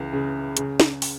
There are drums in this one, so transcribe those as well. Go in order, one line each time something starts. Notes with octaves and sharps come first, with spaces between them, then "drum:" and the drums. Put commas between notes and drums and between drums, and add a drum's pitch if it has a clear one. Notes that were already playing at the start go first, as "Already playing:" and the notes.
Already playing: C#2 E3
C#3
C#3, drum: hi-hat
drum: snare
drum: open hi-hat